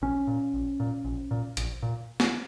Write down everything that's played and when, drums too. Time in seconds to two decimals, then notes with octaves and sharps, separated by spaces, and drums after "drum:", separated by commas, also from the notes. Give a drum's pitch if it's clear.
0.02 A#1 C#4
0.27 A#2
0.53 A#1
0.80 A#2
1.04 A#1
1.31 A#2
1.57 A#1, drum: hi-hat
1.82 A#2
2.20 drum: snare